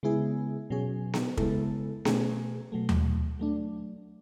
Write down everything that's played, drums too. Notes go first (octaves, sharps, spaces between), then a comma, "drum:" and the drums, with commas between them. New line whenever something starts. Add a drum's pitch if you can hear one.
C#3 G#3 B3 E4 G#4
B2 F#3 C#4 G#4
drum: snare B3
C#3 G#3 B3 E4 A4, drum: kick
B2 A3 C#4 G#4, drum: snare B3
B2 F#3 A3
drum: tom D#2
F#3 A3 D4